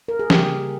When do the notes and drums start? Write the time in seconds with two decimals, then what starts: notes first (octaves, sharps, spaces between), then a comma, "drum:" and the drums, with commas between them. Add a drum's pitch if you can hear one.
0.08 A#4
0.19 G#4
0.30 C#3 G3 A#3 G4, drum: snare